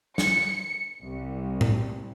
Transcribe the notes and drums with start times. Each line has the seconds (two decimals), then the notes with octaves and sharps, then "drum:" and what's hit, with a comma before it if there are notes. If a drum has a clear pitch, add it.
0.18 C#7, drum: snare
1.04 C2
1.61 drum: tom A2